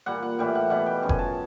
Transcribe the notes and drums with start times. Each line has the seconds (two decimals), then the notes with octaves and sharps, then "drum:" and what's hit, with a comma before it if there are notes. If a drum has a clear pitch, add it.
0.06 A#2 G3 F#5
0.23 F#5
0.39 A2 E3 G3 G5
0.55 F#5
0.70 B2 G3 F#5
0.86 G5
1.02 F#2 C#3 F3
1.09 G#5, drum: kick F1
1.19 A5